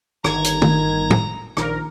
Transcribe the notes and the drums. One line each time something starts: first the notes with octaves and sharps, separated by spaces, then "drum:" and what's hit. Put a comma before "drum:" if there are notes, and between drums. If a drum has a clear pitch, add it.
G1 D#3 A#5 G#6, drum: rim click
drum: hi-hat
drum: tom
drum: tom
A#1 D#3 A#4, drum: rim click